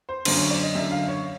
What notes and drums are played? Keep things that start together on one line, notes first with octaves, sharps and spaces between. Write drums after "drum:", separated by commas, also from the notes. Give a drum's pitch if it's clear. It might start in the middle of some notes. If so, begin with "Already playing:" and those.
C5
F#2 D3 C5, drum: cymbal
C#5
D5
D#5
F#2 D3 E5
F5
C#5